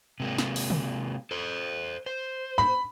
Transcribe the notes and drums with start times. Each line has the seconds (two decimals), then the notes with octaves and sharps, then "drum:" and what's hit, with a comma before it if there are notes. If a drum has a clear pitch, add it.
0.20 C3 G#3 A#3
0.38 drum: snare
0.56 drum: open hi-hat
0.70 drum: tom C#3
1.31 A4 C5
2.06 C5
2.58 B5